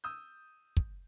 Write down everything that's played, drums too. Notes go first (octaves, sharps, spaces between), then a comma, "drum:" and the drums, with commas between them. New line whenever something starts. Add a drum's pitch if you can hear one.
D#6 E6 G6
drum: kick